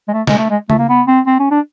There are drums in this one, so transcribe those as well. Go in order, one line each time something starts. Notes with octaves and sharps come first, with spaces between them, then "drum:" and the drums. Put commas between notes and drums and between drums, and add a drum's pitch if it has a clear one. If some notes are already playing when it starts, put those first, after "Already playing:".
G#3
A3
G#3, drum: snare
A3
G#3
A3, drum: tom C#3
A#3
B3
C4
C4
C#4
D4